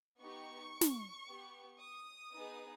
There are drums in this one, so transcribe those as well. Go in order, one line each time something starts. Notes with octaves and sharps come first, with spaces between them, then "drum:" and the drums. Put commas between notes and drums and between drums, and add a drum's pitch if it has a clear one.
B3 D#4 G4 C#6
drum: snare
B3 G4
D#6
B3 D#4 G#4